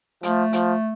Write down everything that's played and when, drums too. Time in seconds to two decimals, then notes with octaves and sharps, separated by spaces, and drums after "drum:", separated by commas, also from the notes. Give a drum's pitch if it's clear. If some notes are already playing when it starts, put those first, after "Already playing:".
0.23 F3 A3, drum: hi-hat
0.53 F3, drum: hi-hat